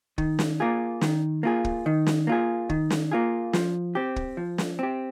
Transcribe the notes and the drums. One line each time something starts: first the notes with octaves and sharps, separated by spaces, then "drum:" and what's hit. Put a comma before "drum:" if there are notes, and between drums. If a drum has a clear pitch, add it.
D#3, drum: kick
drum: snare
A#3 F4 G#4
D#3, drum: snare
A#3 F4 G#4
drum: kick
D#3
drum: snare
A#3 F4 G#4
D#3, drum: kick
drum: snare
A#3 F4 G#4
F3, drum: snare
C4 G4
drum: kick
F3
drum: snare
C4 G4